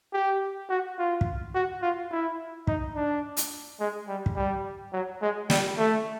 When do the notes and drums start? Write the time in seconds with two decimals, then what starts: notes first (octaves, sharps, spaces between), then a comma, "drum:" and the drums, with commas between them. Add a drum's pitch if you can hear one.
0.13 G4
0.69 F#4
0.98 F4
1.21 drum: kick
1.55 F#4
1.82 F4
2.11 E4
2.67 D#4, drum: kick
2.95 D4
3.37 drum: hi-hat
3.80 G#3
4.08 G3
4.26 drum: kick
4.36 G3
4.93 F#3
5.21 G#3
5.50 G3, drum: snare
5.78 A3